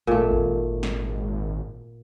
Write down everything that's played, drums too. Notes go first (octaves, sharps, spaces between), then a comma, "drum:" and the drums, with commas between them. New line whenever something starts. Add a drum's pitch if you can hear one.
G#1 A#2 A3
drum: kick G#1
drum: snare